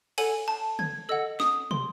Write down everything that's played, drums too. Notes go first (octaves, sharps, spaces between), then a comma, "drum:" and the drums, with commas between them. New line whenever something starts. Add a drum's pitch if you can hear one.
A4 C#5 F#5 G#5, drum: cymbal
A5
G#6, drum: tom
A4 D#5 F#5 E6
D#6, drum: snare
C6, drum: tom